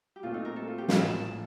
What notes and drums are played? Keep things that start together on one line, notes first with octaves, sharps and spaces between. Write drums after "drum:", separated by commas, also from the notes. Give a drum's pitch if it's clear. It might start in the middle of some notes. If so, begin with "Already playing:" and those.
G4
A#2 A3 C4 F4
D#4
A#4
A4
F4
G4
A#1 A2 F3 F5, drum: snare
A5
A5
A5